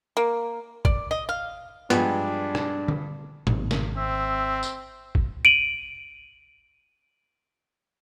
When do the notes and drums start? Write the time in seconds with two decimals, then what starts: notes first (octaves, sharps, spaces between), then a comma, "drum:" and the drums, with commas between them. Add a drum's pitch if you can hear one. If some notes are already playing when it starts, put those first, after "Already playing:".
0.17 A#3
0.85 D5, drum: kick
1.11 D#5
1.29 F5
1.90 G2 F3 G3 G#3 B3 D4, drum: hi-hat
2.55 drum: rim click
2.88 drum: tom D3
3.47 G#1, drum: tom A2
3.71 drum: snare
3.97 C4 E5
4.63 drum: tambourine
5.15 drum: kick
5.45 D7 D#7 F#7